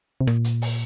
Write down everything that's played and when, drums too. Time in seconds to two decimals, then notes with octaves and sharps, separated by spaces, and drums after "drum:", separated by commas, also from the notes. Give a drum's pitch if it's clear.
0.21 C3
0.27 A#2, drum: rim click
0.44 drum: hi-hat
0.62 drum: open hi-hat